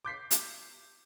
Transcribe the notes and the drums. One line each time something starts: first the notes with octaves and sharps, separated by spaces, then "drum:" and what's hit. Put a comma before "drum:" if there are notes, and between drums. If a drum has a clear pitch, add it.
D6 G6 B6 C7
drum: hi-hat